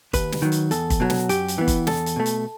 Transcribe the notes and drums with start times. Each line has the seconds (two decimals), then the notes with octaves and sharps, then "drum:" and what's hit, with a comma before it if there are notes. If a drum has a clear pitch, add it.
0.13 D#2 B4, drum: kick, hi-hat
0.32 drum: snare
0.42 D#3 F#3
0.52 drum: hi-hat
0.71 E2 A4, drum: hi-hat
0.90 drum: kick, hi-hat
1.00 B2 F#3
1.10 drum: snare
1.29 F#2 G4, drum: hi-hat
1.48 drum: hi-hat
1.58 E3 B3
1.68 drum: kick, hi-hat
1.87 E2 A4, drum: snare
2.06 drum: hi-hat
2.16 B2 A3
2.26 drum: hi-hat